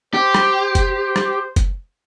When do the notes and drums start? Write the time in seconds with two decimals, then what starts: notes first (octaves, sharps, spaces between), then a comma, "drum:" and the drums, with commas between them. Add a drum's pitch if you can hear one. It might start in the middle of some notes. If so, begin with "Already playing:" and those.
0.14 G4 C5
0.34 drum: rim click
0.75 drum: kick F#1, hi-hat
1.16 drum: rim click
1.56 drum: kick F#1, hi-hat